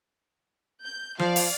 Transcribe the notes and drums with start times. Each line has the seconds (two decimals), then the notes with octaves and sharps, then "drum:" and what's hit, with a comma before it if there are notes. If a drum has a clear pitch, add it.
0.84 G6
1.19 F3 D5 F5, drum: tom F3
1.36 drum: open hi-hat